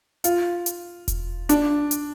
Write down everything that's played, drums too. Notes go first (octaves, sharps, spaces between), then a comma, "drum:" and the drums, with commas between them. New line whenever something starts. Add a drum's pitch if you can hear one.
F4, drum: hi-hat
drum: hi-hat
drum: kick E1, hi-hat
D4, drum: hi-hat
drum: hi-hat